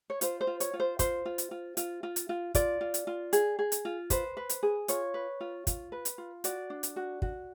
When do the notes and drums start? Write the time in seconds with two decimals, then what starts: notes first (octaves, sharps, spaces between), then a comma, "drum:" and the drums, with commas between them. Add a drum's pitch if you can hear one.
0.10 C#5
0.21 F4 C5, drum: hi-hat
0.41 C5
0.47 F4
0.60 C#5, drum: hi-hat
0.73 F4
0.80 C5
0.99 F4 C5, drum: kick, hi-hat
1.25 F4
1.38 drum: hi-hat
1.51 F4
1.77 F4, drum: hi-hat
2.03 F4
2.16 drum: hi-hat
2.29 F4
2.55 F4 D5, drum: kick, hi-hat
2.81 F4
2.94 drum: hi-hat
3.07 F4
3.33 G#4, drum: hi-hat
3.59 G#4
3.72 drum: hi-hat
3.85 F4
4.10 B4 C5, drum: kick, hi-hat
4.37 B4
4.49 drum: hi-hat
4.63 G#4
4.88 F4 C#5, drum: hi-hat
5.14 B4
5.41 F4
5.67 F4, drum: kick, hi-hat
5.92 B4
6.05 drum: hi-hat
6.18 F4
6.44 F#4 D5, drum: hi-hat
6.70 D4
6.83 drum: hi-hat
6.96 F#4
7.22 F#4, drum: kick